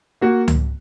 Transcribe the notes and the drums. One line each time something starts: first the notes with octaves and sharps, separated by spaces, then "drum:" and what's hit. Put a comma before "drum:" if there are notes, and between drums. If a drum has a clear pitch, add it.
A#3 F#4
drum: tom C#2